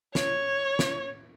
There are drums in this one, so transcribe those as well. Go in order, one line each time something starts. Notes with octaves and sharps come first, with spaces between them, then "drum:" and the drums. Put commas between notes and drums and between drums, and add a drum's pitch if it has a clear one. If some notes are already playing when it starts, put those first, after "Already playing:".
C#5, drum: snare
drum: snare